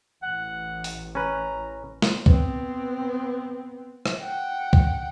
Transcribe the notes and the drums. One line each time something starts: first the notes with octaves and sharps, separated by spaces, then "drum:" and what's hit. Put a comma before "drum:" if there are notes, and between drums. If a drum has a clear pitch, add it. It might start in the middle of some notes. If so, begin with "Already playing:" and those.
A1 F#5
drum: open hi-hat
C#4 B4 A#5
drum: snare
B3 C4, drum: kick C#2
drum: rim click
F#5 G5
drum: kick C#2